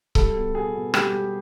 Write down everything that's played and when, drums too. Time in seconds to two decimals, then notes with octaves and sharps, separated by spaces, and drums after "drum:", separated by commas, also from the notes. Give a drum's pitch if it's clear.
0.15 G3 A4, drum: kick C#1
0.35 B2
0.55 B2 G#4
0.75 B2
0.94 G3 G4, drum: rim click
1.13 G3